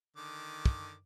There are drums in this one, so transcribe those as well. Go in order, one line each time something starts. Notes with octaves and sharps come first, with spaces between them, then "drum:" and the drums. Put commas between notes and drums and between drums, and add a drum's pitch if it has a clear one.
D3 D#3 D6
drum: kick